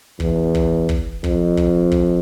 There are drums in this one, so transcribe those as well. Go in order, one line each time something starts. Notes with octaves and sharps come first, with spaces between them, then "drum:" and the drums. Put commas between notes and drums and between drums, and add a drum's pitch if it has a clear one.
E2, drum: kick
drum: kick
drum: kick
F2, drum: kick
drum: kick
drum: kick